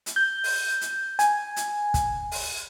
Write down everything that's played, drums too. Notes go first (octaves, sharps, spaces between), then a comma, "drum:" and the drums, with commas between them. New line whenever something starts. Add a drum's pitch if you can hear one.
drum: hi-hat
G6
drum: open hi-hat
drum: hi-hat
G#5, drum: hi-hat
drum: hi-hat
drum: kick, hi-hat
drum: open hi-hat